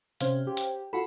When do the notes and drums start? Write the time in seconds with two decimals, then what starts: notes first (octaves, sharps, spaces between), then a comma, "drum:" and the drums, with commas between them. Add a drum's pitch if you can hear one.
0.21 C3 C#4 C5 F5, drum: hi-hat
0.47 G4
0.57 drum: hi-hat
0.93 F4 F#4 A4 B5